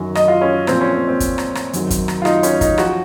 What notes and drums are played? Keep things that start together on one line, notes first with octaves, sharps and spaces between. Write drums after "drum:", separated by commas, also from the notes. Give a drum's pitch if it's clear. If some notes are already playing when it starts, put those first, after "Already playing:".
Already playing: F#2 D#3 F#3
D#5, drum: rim click
F4
C#4
A#2 F3 C4, drum: rim click
C#4
C4
C4
drum: kick, hi-hat
drum: rim click
drum: rim click
F#2 D#3 F#3, drum: hi-hat
drum: kick, hi-hat
drum: rim click
F4
D#4, drum: rim click
C#4, drum: hi-hat
D#4, drum: kick, hi-hat
F3 F#4, drum: rim click